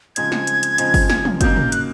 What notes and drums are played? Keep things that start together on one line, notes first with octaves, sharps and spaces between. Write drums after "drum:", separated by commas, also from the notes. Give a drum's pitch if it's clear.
C#3 F3 G#3 C4 D#4 G#6, drum: hi-hat
drum: snare
drum: hi-hat
drum: hi-hat
C#3 F3 G#3 C4 D#4, drum: hi-hat
drum: kick F#1, open hi-hat
drum: snare
drum: tom
C#3 F#3 A#3 D#4 G6, drum: kick F#1, hi-hat
drum: tom
F#6, drum: hi-hat